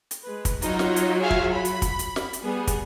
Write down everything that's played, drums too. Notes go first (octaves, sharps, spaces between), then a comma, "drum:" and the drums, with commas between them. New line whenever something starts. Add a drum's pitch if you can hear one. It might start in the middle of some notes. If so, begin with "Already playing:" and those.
drum: hi-hat
G#3 B4
drum: kick, hi-hat
F#3 D#4 F4 F#4, drum: hi-hat
drum: snare
drum: hi-hat
G#4 E5 F5
drum: kick
B5
drum: hi-hat
drum: kick, hi-hat
drum: hi-hat
drum: snare
drum: hi-hat
G3 B3 G#4
drum: kick, hi-hat